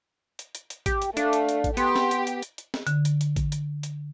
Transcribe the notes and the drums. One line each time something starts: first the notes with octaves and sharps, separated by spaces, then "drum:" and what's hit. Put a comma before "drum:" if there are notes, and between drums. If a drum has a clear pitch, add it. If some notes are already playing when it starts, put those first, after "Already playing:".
drum: hi-hat
drum: hi-hat
drum: hi-hat
G4, drum: kick A1, hi-hat
drum: hi-hat
A3 D4 F5, drum: hi-hat
drum: hi-hat
drum: hi-hat
drum: kick A1, hi-hat
B3 G4 C6, drum: hi-hat
drum: snare
drum: hi-hat
drum: hi-hat
drum: hi-hat
drum: hi-hat
drum: snare
D3, drum: hi-hat
drum: hi-hat
drum: hi-hat
drum: kick A1, hi-hat
drum: hi-hat
drum: hi-hat